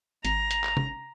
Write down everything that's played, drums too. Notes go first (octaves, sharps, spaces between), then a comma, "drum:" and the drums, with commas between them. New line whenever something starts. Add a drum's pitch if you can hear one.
G#1 A#5, drum: hi-hat
drum: hi-hat
drum: clap
drum: tom